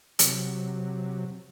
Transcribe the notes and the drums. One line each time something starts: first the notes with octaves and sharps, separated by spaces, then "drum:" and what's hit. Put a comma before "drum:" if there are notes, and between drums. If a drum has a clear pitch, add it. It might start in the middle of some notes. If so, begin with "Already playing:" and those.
C3 F#3, drum: hi-hat